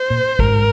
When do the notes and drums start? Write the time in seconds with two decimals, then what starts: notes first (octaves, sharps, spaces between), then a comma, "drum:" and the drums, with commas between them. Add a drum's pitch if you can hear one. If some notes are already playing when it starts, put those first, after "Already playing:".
Already playing: C5
0.10 A#2
0.39 G#2 A#4, drum: kick